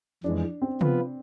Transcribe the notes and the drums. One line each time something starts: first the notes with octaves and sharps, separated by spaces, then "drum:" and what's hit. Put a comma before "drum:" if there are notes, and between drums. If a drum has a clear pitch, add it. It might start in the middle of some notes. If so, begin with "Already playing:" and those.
F2 E3 G#3 D4
C4
F3 B3 F4 B4, drum: tom C3